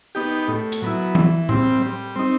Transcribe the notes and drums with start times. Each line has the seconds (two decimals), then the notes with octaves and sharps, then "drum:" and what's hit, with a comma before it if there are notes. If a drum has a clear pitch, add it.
0.15 B3 D#4 G4
0.48 A2
0.72 drum: hi-hat
0.82 F#3 B3 E4
1.15 E3, drum: tom E3
1.49 G3 C4, drum: tom A2
1.82 G3
2.16 C4 D#4